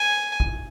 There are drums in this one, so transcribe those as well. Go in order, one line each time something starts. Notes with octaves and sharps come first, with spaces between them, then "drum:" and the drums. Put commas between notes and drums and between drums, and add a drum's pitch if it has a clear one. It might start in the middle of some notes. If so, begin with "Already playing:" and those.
Already playing: G#5
drum: kick